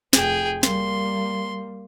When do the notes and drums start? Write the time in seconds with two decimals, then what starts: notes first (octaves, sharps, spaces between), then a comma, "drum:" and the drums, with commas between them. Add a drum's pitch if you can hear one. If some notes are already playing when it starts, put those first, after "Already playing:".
0.13 F1 G#4 G5, drum: snare
0.63 G3 A#3 C6, drum: snare